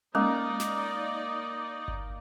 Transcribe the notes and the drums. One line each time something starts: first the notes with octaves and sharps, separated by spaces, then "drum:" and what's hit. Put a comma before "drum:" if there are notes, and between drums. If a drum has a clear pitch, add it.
G#3 A#3 C#4 D#4 D5 D#5
drum: snare
drum: kick G1